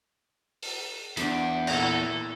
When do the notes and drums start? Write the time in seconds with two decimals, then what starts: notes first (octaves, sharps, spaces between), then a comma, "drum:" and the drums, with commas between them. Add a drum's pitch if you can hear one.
0.63 drum: open hi-hat
1.17 E2 D4, drum: hi-hat
1.67 A#2 E4 A4, drum: cymbal